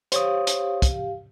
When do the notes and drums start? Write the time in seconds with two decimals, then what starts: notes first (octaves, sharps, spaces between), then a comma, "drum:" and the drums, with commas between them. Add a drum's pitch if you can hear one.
0.12 G4 C5 C#5 F5 D#6, drum: hi-hat
0.47 drum: hi-hat
0.82 drum: kick, hi-hat